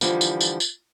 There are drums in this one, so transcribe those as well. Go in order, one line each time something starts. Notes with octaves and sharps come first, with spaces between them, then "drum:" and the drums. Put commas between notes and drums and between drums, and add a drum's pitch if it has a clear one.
D3 E3 F3 G3, drum: tambourine
drum: tambourine
drum: tambourine
drum: tambourine